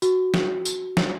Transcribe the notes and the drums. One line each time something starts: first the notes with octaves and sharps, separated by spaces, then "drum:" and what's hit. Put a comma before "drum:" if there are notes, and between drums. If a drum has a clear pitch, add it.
F#4, drum: tambourine
drum: snare
drum: tambourine
drum: snare